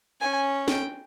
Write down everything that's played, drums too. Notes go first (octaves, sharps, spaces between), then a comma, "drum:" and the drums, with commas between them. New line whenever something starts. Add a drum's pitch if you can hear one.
C#4 G#5
G5, drum: snare